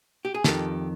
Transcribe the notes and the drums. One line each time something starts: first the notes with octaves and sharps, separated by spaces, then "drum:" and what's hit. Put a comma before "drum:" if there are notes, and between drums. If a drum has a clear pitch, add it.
G4
G#4
F2 C3 D#3 G4 A4, drum: snare